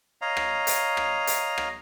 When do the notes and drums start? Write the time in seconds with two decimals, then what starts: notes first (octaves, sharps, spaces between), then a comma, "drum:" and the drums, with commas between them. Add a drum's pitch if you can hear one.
0.21 C#5 D#5 F5 A#5
0.37 drum: rim click
0.67 drum: hi-hat
0.97 drum: rim click
1.27 drum: hi-hat
1.58 drum: rim click